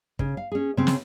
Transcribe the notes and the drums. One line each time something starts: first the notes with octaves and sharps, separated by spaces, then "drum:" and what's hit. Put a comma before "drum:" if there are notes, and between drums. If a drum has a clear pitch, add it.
C#3, drum: kick
F5
C#4 G#4
C#3 C4 C#4
drum: snare